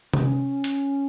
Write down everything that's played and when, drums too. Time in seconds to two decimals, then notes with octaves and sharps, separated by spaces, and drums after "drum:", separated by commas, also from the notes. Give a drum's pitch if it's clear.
0.13 C#4, drum: tom
0.64 drum: hi-hat